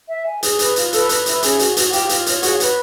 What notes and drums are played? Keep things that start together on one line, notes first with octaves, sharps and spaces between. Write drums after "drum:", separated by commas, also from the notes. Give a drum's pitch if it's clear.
E5
G#5
G#4, drum: hi-hat
B4, drum: hi-hat
F4, drum: hi-hat
A4 B4, drum: hi-hat
B4, drum: hi-hat
E4, drum: hi-hat
C#4 G#4, drum: hi-hat
F#4, drum: hi-hat
F#4, drum: hi-hat
F4 G4, drum: hi-hat
F4, drum: hi-hat
C#5, drum: hi-hat
F#4 G#4, drum: hi-hat
B4, drum: hi-hat